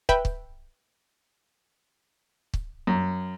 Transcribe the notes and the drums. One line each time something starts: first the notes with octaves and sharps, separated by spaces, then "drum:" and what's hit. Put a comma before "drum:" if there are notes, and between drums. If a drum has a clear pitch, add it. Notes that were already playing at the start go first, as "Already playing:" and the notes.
B4 E5 G5 B5, drum: kick
drum: kick
drum: kick
F#2